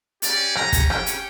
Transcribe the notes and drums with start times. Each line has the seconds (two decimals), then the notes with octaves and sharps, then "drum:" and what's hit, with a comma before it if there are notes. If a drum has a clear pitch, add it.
0.22 C#4 G4 D5, drum: hi-hat
0.55 A#5, drum: rim click
0.72 drum: kick, hi-hat
0.90 G5, drum: rim click
1.06 drum: hi-hat